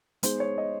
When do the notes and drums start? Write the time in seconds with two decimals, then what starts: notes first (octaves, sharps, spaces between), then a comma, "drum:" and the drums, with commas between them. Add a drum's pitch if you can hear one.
0.23 G#3 B3 D#4 G#4 C5, drum: hi-hat
0.40 C#5
0.58 D#5